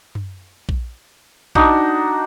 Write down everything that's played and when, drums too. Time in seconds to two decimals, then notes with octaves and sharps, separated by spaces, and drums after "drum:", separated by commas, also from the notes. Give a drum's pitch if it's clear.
0.15 drum: tom F#2
0.69 drum: kick A#1
1.55 D4 D#4 F#4, drum: kick A#1